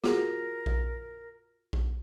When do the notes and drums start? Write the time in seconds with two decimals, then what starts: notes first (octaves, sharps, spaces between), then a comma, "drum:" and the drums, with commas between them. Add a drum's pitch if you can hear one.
0.04 F4 F#4 G#4 A#4, drum: snare
0.66 drum: kick A#1
1.73 drum: kick A#1